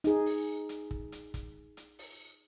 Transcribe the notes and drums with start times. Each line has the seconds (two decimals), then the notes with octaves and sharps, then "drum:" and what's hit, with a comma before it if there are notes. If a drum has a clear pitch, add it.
0.04 D#4 G#4, drum: hi-hat
0.26 drum: open hi-hat
0.69 drum: hi-hat
0.91 drum: kick
1.12 drum: hi-hat
1.34 drum: kick, hi-hat
1.77 drum: hi-hat
1.99 drum: open hi-hat